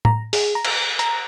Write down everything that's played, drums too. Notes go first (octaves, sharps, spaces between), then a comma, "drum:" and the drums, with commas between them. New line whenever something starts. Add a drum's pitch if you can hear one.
A#5, drum: tom A2
G#4, drum: open hi-hat
A#5
drum: cymbal
A#5, drum: hi-hat